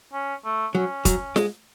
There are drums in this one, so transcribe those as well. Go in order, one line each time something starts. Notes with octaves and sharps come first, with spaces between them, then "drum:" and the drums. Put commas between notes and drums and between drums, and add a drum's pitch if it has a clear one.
C#4
A3
F#3 C#4
F#3, drum: kick, hi-hat
G#3, drum: snare